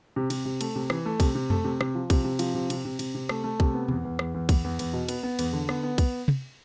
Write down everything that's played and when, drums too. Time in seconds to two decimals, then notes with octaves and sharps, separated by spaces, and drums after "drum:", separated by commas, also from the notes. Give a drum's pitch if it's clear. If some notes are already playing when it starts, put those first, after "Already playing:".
0.16 C3
0.30 C3, drum: cymbal
0.45 C3
0.61 A3, drum: cymbal
0.76 C3
0.90 E3, drum: rim click
1.06 A3
1.20 C3, drum: kick, cymbal
1.35 C3
1.50 A3, drum: tom F2
1.64 C3
1.81 C3, drum: rim click
1.95 F3
2.10 C3, drum: kick, cymbal
2.24 C3
2.39 F3, drum: cymbal
2.55 C3
2.70 C3, drum: cymbal
2.85 C3
2.99 C3, drum: cymbal
3.15 C3
3.29 A3, drum: rim click
3.44 A3
3.60 C3, drum: kick
3.74 B3
3.88 E2, drum: tom B2
4.05 E2
4.19 E2, drum: rim click
4.34 E2
4.49 E2, drum: kick, cymbal
4.64 E2
4.79 E2, drum: cymbal
4.93 B2
5.09 B3, drum: cymbal
5.23 B3
5.39 E2, drum: cymbal
5.53 D3
5.69 B3, drum: rim click
5.83 B3
5.98 drum: kick, cymbal
6.28 drum: tom